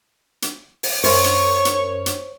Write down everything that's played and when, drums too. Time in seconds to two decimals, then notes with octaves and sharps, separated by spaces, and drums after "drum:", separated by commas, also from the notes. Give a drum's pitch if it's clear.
0.42 drum: hi-hat
0.83 drum: open hi-hat
1.04 F#2 C5 C#5 C#6, drum: open hi-hat
1.24 drum: hi-hat
1.65 drum: hi-hat
2.06 drum: hi-hat